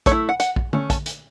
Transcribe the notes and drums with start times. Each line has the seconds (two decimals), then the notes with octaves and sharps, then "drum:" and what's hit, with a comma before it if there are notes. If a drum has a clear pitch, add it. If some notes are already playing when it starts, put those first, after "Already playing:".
0.06 A3 C#5, drum: kick, hi-hat
0.12 E4
0.29 F#5
0.40 F#5, drum: hi-hat
0.56 drum: kick
0.73 A3 C#4, drum: tom
0.90 A5, drum: kick, hi-hat
1.06 drum: hi-hat